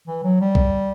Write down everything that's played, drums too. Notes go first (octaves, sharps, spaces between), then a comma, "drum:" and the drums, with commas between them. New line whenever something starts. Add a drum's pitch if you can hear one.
E3
F#3
G3
drum: kick B1